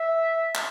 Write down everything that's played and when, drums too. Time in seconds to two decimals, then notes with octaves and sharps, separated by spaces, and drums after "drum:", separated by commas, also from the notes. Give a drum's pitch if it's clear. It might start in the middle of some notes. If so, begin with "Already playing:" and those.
Already playing: E5
0.55 drum: clap